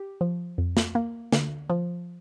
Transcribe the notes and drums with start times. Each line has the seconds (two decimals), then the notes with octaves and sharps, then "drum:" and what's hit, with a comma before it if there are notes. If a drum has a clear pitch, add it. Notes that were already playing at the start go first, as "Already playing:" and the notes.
Already playing: G4
0.21 F3
0.58 F2
0.77 drum: snare
0.95 A#3
1.32 D3, drum: snare
1.70 F3